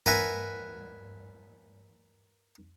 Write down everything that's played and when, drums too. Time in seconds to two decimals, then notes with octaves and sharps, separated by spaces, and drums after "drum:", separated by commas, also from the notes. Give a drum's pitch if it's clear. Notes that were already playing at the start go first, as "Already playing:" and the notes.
0.06 A#4 B4 E5 F#5 G#5 A#5, drum: tom G2